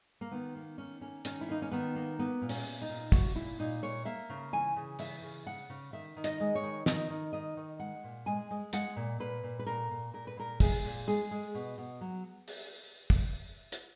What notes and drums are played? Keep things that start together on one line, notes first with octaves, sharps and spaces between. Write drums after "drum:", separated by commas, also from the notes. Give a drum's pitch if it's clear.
A#3
D#3 B3
A#3
D#3 C#4
A#3 C#4
D#3 C#4, drum: hi-hat
E4
A#3 D#4
C#4
D#3 B3
A#3
A#3 B3
A#2
C#4, drum: open hi-hat
A#2
D#4
A#2
A#3 F#4, drum: kick, open hi-hat
A#2 E4
A#2 D#4
A#2 C#5
A#3 E5
C#3
E3 G#5
C#3
E3 E5, drum: open hi-hat
C#3
C#3 F#5
C#3
D#3 E5
D#3
D#5, drum: hi-hat
G#3
C#5
D#3
D#3 D#5, drum: snare
D#3
D#3 D#5
D#3
G#3 F#5
A#2
G#3 G#5
G#3
G#3 F#5, drum: hi-hat
A#2
A#2 B4
A#2
B4
A#2 A#4
A#2
A#2 A#4
B4
A#2 A#4
G#3 G#4, drum: kick, open hi-hat
A#2
G#3 G#4
G#3
B2
B2
F#3
drum: open hi-hat
drum: kick, open hi-hat
drum: hi-hat